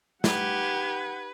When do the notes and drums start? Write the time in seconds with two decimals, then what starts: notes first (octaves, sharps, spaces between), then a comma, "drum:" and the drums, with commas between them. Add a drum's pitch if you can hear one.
0.24 D#4 G4 B4 F#5 G#6, drum: snare